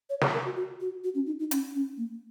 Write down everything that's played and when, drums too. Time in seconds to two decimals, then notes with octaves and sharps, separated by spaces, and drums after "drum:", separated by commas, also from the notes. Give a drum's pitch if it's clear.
0.10 C#5
0.21 C#5, drum: snare
0.33 A#4
0.45 F#4
0.56 F#4
0.80 F#4
1.04 F#4
1.15 C#4
1.26 D#4
1.39 D#4
1.51 C#4, drum: hi-hat
1.74 C#4
1.97 A#3